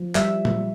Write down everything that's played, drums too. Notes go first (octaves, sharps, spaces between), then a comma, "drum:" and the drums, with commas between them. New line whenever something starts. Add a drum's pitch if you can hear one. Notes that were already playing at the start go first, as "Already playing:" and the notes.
Already playing: F3
G3 E5, drum: clap
drum: tom